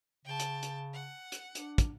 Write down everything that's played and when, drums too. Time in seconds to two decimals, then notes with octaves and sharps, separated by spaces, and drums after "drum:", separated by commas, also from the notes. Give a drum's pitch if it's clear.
0.25 C#3 G5 A5
0.40 drum: hi-hat
0.63 drum: hi-hat
0.94 F#5
1.32 drum: hi-hat
1.55 D4, drum: hi-hat
1.78 drum: kick, hi-hat